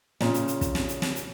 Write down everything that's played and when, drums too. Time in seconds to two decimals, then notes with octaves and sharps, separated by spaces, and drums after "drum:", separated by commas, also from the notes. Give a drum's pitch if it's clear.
0.21 A#2 C#3, drum: snare
0.34 drum: hi-hat
0.48 drum: hi-hat
0.61 drum: kick, hi-hat
0.75 drum: snare
0.88 drum: hi-hat
1.02 drum: snare
1.16 drum: hi-hat